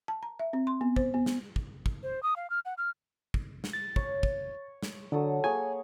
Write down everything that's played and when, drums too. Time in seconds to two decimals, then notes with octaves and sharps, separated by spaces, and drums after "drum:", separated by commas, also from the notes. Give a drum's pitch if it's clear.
0.08 A5
0.23 A#5
0.39 E5
0.53 C4
0.67 C6
0.81 B3
0.96 C5, drum: kick
1.14 B3
1.26 drum: snare
1.56 drum: kick
1.86 drum: kick
2.03 C5
2.23 D#6
2.36 F5
2.50 F6
2.65 F#5
2.78 F6
3.34 drum: kick
3.64 drum: snare
3.73 A6
3.96 C#5, drum: kick
4.23 drum: kick
4.83 drum: snare
5.12 D3 F#3 A4 D#6
5.44 A#3 G#4 C#5 G#5